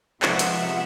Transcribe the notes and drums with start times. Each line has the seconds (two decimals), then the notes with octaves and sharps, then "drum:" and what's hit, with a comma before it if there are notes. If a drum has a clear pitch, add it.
0.22 C3 F3 G#3 B3 E5 F#5, drum: clap
0.39 drum: hi-hat